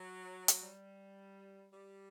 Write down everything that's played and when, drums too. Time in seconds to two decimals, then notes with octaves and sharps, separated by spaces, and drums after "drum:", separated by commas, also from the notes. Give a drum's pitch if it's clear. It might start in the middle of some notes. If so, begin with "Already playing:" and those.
Already playing: F#3
0.48 drum: hi-hat
0.63 G3
1.72 G3